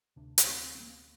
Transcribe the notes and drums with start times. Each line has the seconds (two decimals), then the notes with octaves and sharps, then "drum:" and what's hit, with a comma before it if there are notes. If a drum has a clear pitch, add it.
0.16 D2 C3 D4
0.38 drum: hi-hat
0.49 C4
0.75 C4
0.80 A#3